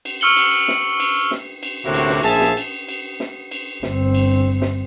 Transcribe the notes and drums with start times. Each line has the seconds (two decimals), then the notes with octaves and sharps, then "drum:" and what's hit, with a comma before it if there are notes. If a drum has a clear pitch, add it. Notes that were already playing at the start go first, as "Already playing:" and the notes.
0.05 drum: cymbal
0.21 C#6 E6 F6 C#7 F#7 G7
0.37 drum: cymbal
0.68 drum: snare
1.00 drum: cymbal
1.31 drum: snare
1.63 drum: cymbal
1.84 D2 A2 C3 A#3 E4 F#4
1.94 drum: cymbal
2.10 drum: snare
2.23 A#1 F3 G#4 E5 G#5 A5, drum: cymbal
2.41 drum: snare
2.57 drum: cymbal
2.88 drum: cymbal
3.20 drum: snare
3.51 drum: cymbal
3.83 G1 C4, drum: snare
4.14 drum: cymbal
4.62 drum: snare